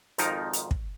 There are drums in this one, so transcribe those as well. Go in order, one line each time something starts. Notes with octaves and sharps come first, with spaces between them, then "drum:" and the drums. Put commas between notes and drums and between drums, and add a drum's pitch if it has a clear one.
G#1 F2 F3 D#4 A#4, drum: hi-hat
drum: hi-hat
drum: kick